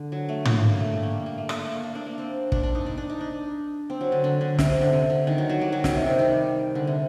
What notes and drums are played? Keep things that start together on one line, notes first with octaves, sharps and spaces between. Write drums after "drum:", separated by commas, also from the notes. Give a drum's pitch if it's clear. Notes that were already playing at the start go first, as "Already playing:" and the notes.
Already playing: D3
F#3
A3
A#3, drum: tom
A#3
A3
G3
A#3
A#3
A3
A#3, drum: rim click
A3
A#3
D4
D4
A#3
C4
D4, drum: kick
D4
D#4
D4
D4
D#4
D4
C4
F#3
D3
D3
D3
C3, drum: snare
C3
D3
C3
D3
D#3
F#3
F#3
G3
F#3
D#3, drum: snare
C3
D#3
G3
D3
C3